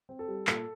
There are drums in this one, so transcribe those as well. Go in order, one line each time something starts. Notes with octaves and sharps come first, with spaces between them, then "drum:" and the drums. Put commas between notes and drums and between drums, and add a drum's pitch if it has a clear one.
C4
A4
G3
A#2 A4, drum: clap